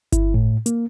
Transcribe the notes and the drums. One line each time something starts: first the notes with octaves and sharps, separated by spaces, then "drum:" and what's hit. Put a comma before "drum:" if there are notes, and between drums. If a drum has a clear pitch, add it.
E4, drum: kick G1, hi-hat
A2
A#3, drum: hi-hat